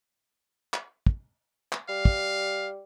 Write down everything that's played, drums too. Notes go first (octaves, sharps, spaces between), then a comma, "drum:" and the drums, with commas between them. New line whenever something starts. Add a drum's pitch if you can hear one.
drum: clap
drum: kick
drum: clap
G3 F5
drum: kick